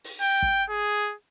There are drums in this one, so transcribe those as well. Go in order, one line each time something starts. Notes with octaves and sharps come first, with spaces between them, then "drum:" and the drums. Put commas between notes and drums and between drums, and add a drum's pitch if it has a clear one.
drum: open hi-hat
G5
drum: kick
G#4